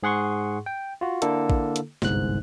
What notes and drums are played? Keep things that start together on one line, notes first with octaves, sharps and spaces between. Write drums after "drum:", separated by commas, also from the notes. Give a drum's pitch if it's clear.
G#2 G#4 F#5 C6 C#6
G5
F4 F#4
D3 A#3 E4 A4, drum: hi-hat
drum: kick A1
drum: hi-hat
G1 C2 G#2 F#6, drum: snare